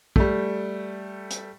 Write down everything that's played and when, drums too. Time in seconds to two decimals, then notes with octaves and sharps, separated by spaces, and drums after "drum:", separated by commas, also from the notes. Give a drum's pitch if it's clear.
0.16 G3 A3, drum: kick
1.31 drum: hi-hat